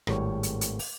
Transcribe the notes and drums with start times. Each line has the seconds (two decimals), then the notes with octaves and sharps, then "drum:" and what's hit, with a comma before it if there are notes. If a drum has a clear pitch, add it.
0.07 G#1 A2 G3 C#5, drum: rim click
0.43 drum: hi-hat
0.61 drum: hi-hat
0.79 drum: open hi-hat